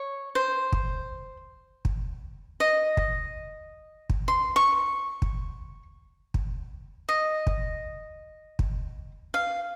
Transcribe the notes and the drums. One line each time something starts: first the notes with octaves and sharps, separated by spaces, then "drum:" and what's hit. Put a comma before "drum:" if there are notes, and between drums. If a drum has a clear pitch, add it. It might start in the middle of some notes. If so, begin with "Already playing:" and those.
Already playing: C#5
C5
drum: kick
drum: kick
D#5
drum: kick
drum: kick
C6
C#6
drum: kick
drum: kick
D#5
drum: kick
drum: kick
F5